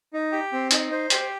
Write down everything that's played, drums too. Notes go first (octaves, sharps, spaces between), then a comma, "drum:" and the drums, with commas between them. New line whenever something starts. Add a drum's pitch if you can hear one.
D#4
G4
C4
D#4, drum: hi-hat
C5
G4, drum: hi-hat